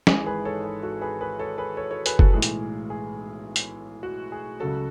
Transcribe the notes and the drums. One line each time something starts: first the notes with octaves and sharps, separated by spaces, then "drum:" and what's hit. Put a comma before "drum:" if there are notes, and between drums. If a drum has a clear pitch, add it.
G#1 G#2 E3 G#3 G#4, drum: snare
G#4 B4
A4 C#5
G#4
F#4 A4
G#4 B4
G#4 B4
A4 C#5
G#4 B4
A4 C#5
A4 C#5
G#4 B4, drum: hi-hat
F#4 A4, drum: kick F#1
B1 A2 E3 G#3 G#4
drum: hi-hat
G#4
drum: hi-hat
F#4
G#4
C#2 C#3 F#3 F#4 A4